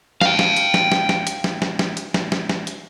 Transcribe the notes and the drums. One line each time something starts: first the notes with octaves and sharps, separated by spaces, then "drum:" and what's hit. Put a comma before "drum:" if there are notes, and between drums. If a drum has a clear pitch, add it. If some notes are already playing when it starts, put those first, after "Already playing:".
F5 G5, drum: snare
drum: snare
drum: hi-hat
drum: snare
drum: snare
drum: snare
drum: hi-hat
drum: snare
drum: snare
drum: snare
drum: hi-hat
drum: snare
drum: snare
drum: snare
drum: hi-hat